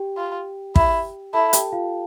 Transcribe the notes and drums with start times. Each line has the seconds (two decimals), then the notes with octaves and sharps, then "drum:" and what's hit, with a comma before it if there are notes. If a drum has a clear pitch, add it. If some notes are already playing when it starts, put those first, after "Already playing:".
Already playing: G4 G5
0.17 F4
0.76 E4, drum: kick
1.34 E4 A4 A5
1.53 G4 G5, drum: hi-hat
1.72 F4 F5